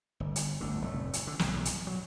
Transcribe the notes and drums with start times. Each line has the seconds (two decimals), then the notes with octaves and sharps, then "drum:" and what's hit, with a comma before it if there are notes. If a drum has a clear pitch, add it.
0.20 G1
0.36 drum: hi-hat
0.61 G1 D2 D3
0.81 F1 A2
1.13 drum: hi-hat
1.27 D3
1.39 B1 G2 B2, drum: snare
1.65 drum: hi-hat
1.87 F#3